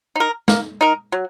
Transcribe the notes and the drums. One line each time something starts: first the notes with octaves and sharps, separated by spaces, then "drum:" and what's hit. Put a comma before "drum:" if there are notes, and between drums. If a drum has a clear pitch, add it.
D#4 A#4
A#3, drum: snare
D#4 A#4
F#3